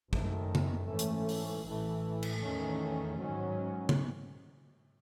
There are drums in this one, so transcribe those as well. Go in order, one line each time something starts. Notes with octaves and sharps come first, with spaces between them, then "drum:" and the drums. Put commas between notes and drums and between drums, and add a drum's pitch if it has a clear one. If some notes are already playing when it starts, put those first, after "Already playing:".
F#1 F#2 D#3 A3, drum: kick
drum: tom C#3
G#2 E3 A3 C#4
drum: hi-hat
drum: open hi-hat
A1 A2 E3 A3
drum: cymbal
E2 D#3 A3 C#4
G#2 D#3 F#3 C#4
drum: tom C#3